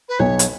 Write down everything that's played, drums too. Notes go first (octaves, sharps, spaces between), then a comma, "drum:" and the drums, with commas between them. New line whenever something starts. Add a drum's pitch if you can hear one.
B4
B1 C#5
drum: hi-hat